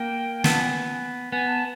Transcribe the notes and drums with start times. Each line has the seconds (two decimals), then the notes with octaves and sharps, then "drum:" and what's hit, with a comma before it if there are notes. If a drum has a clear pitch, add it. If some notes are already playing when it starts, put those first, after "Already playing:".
Already playing: A#3 G5
0.44 B3 A5, drum: snare
0.60 G#5
1.32 B3 G#5
1.47 A5